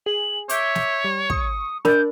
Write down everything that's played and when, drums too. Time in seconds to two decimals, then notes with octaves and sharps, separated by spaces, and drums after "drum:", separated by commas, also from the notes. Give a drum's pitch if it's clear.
0.06 G#4 F#7
0.49 C#5 E5 D6 G6 G#6, drum: hi-hat
0.75 drum: snare
1.04 G3
1.30 C#6 D#6, drum: kick
1.85 D4 A#4 B5 G6, drum: snare